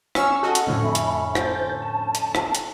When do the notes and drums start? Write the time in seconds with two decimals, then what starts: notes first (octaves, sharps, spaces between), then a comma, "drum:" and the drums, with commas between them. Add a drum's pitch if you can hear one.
0.15 C#4 C#6 E6 F6, drum: rim click
0.43 F#4 A4 D#5
0.55 drum: hi-hat
0.67 F2 A2 D3
0.83 E5 B5
0.95 drum: hi-hat
1.35 C5 G6 A6, drum: rim click
1.82 A5
2.15 drum: hi-hat
2.35 drum: rim click
2.55 drum: hi-hat